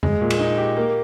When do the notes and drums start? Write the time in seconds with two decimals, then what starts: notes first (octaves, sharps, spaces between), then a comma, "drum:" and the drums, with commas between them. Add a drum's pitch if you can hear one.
0.03 G#3, drum: tom E2
0.21 A#2
0.30 drum: cymbal
0.40 D#4
0.58 G4
0.77 A#3